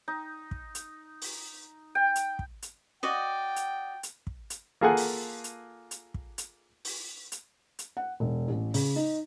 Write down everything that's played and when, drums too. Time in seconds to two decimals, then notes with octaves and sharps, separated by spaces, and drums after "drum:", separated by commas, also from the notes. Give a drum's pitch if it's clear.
0.08 D#4
0.51 drum: kick
0.75 drum: hi-hat
1.22 drum: open hi-hat
1.95 G5
2.16 drum: hi-hat
2.39 drum: kick
2.62 drum: hi-hat
3.03 F#4 D5 D#5 G5
3.56 drum: hi-hat
4.03 drum: hi-hat
4.27 drum: kick
4.50 drum: hi-hat
4.81 A#3 F4 G#4 A4 F#5 G#5
4.97 drum: open hi-hat
5.44 drum: hi-hat
5.91 drum: hi-hat
6.14 drum: kick
6.38 drum: hi-hat
6.85 drum: open hi-hat
7.32 drum: hi-hat
7.79 drum: hi-hat
7.97 F#5
8.20 E1
8.48 A1
8.74 C#3, drum: open hi-hat
8.96 D#4